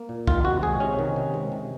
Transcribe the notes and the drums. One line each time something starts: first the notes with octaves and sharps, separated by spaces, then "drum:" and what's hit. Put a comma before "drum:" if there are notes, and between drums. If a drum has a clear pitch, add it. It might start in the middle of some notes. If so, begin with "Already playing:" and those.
Already playing: A#3
A#2
D#3 F4, drum: kick B1
C3 F#4
G#3 G#4
C3 C#4
D#3
C3
G#3
C3